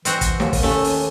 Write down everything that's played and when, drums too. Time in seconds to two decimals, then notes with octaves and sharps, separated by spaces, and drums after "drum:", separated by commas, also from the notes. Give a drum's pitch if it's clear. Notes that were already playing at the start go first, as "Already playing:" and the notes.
0.05 E3 C4 F#4 A#5, drum: hi-hat
0.21 drum: kick, hi-hat
0.40 D#2, drum: snare
0.53 drum: kick, open hi-hat
0.63 D#2 A3 C#4
0.84 drum: open hi-hat